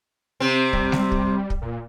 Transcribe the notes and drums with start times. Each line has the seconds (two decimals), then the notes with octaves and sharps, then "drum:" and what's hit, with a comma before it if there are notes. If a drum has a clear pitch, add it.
0.40 C3 C4
0.73 G3, drum: kick
0.92 drum: snare G#3
1.11 drum: kick
1.50 drum: kick
1.61 A#2